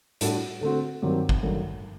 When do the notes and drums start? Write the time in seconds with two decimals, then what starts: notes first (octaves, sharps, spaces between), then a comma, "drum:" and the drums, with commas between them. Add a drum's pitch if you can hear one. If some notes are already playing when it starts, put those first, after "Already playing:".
0.21 A2 G3 D4 F#4 A4, drum: hi-hat
0.61 D3 A3 C4 F#4
1.02 G2 D#3 F#3 C4 G4
1.29 drum: kick G#1
1.43 G2 D#3 F#3 A3